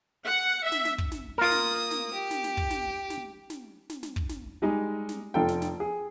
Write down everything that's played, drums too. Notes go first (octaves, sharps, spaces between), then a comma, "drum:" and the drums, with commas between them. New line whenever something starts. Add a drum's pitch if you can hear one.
F#5
E5
drum: snare
drum: snare
drum: kick
drum: snare
A#3 F4 A#4 D#6
drum: snare
drum: snare
G4
drum: snare
drum: snare
drum: kick
drum: snare
drum: snare
drum: snare
drum: snare
drum: snare
drum: kick
drum: snare
G3 G#3 D#4
drum: snare
F1 F4 A4 G5
drum: snare
drum: snare
G#4